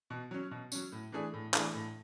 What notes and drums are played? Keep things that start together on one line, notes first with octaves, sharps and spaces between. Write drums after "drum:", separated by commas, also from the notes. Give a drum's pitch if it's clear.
B2
F#3 C#4
B2
F#3 C#4, drum: tambourine
A2
E3 A3 D4 G#4
A2
E3 A3 D4 G#4, drum: clap
A2